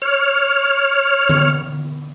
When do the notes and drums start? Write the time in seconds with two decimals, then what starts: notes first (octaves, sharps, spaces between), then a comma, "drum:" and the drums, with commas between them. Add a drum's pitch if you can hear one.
0.02 C#5 F6
1.29 drum: tom D3